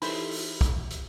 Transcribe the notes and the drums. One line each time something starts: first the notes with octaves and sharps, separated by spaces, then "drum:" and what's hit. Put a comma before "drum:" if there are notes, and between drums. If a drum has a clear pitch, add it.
E3 D#4 E4 A4 C5 E5 B5, drum: open hi-hat
drum: open hi-hat
drum: kick, hi-hat
drum: hi-hat